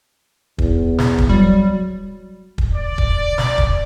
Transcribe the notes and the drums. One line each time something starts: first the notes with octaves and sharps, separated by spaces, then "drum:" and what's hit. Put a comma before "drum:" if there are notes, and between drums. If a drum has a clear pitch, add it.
E2, drum: kick
drum: snare
drum: kick
F#3 G3
drum: kick
D5
drum: kick
drum: snare
drum: kick